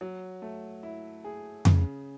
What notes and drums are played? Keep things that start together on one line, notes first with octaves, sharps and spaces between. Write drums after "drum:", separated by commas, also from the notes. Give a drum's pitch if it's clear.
F#3
A3
E4
G#4
C#3, drum: tom F2